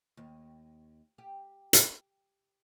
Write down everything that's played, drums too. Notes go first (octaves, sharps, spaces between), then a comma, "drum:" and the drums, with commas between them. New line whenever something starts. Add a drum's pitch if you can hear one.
D#2
G4
drum: hi-hat